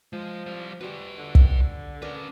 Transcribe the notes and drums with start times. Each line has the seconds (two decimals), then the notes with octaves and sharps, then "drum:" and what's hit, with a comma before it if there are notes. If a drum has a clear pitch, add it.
0.13 F3 G#3
0.46 G3 C5
0.81 G3 F4 F#4 B4
1.18 D3
1.35 drum: kick
2.02 C#4 D4 A#4 B4